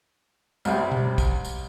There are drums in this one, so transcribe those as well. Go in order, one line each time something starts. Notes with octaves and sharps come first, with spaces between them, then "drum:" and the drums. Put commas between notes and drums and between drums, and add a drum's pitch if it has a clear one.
C2 C3 G3, drum: tambourine
drum: tom B2
drum: kick, tambourine
drum: tambourine